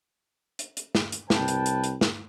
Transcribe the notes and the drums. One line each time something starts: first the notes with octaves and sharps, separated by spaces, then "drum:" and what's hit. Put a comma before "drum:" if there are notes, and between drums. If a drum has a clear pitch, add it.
drum: hi-hat
drum: hi-hat
drum: snare
drum: hi-hat
C2 B4 G5 A5, drum: snare
drum: hi-hat
drum: hi-hat
drum: hi-hat
drum: snare